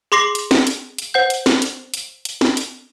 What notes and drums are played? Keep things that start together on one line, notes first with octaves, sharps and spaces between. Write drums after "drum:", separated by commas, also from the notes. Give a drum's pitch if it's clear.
G#4 C6 D6 A#6 C7
drum: hi-hat
drum: snare
drum: hi-hat
drum: hi-hat
C5 F#5 G6
drum: hi-hat
drum: snare
drum: hi-hat
drum: hi-hat
drum: hi-hat
drum: snare
drum: hi-hat